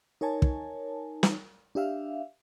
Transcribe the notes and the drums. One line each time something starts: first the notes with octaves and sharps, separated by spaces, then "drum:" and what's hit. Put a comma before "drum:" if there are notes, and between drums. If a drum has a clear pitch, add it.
D#4 A#4 C#5 G#5 A5
drum: kick
drum: snare
D4 G4 E5 F5